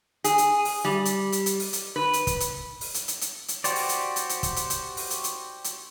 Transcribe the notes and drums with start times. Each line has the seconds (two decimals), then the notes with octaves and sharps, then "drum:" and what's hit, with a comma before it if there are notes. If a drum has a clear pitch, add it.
0.24 G#4, drum: hi-hat
0.38 drum: hi-hat
0.65 drum: open hi-hat
0.85 G3
1.05 drum: hi-hat
1.32 drum: hi-hat
1.46 drum: hi-hat
1.59 drum: open hi-hat
1.73 drum: hi-hat
1.96 B4
2.13 drum: hi-hat
2.27 drum: kick, hi-hat
2.40 drum: hi-hat
2.81 drum: open hi-hat
2.94 drum: hi-hat
3.08 drum: hi-hat
3.21 drum: hi-hat
3.48 drum: hi-hat
3.64 F#4 G4 C5 D5, drum: hi-hat
3.75 drum: open hi-hat
3.89 drum: hi-hat
4.16 drum: hi-hat
4.29 drum: hi-hat
4.43 drum: kick, hi-hat
4.56 drum: hi-hat
4.70 drum: hi-hat
4.97 drum: open hi-hat
5.10 drum: hi-hat
5.24 drum: hi-hat
5.64 drum: hi-hat